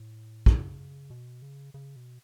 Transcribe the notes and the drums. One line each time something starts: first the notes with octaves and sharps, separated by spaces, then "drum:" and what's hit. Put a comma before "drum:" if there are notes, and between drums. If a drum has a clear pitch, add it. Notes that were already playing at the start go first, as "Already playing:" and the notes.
Already playing: A2
C#3, drum: kick
B2
C#3
C#3
B2